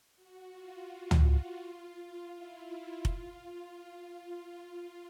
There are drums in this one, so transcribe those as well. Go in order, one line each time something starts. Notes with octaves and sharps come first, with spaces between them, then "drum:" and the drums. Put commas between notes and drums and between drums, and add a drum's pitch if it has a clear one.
F#4
F4
drum: tom
E4
F4, drum: kick F1